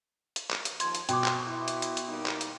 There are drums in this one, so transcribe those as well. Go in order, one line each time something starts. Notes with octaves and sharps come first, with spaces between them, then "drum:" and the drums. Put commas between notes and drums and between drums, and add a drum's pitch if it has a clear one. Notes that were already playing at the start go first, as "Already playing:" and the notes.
drum: hi-hat
drum: clap
drum: hi-hat
D#2 F3 C6 G#6, drum: hi-hat
drum: hi-hat
B2 F3 G5 C6 D6, drum: hi-hat
drum: clap
E4
drum: hi-hat
drum: hi-hat
drum: hi-hat
G3 A#3 D#4
drum: clap
drum: hi-hat